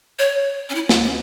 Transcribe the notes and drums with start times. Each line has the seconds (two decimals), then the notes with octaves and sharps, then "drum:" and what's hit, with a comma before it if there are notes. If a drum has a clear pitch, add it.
0.19 C#5
0.70 C#4
0.75 E4
0.89 F4, drum: snare
1.04 C#4